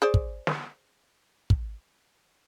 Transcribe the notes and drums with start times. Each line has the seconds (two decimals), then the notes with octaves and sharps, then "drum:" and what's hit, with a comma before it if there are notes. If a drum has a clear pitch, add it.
0.02 G#4 C5 D5
0.14 drum: kick
0.47 drum: snare
1.50 drum: kick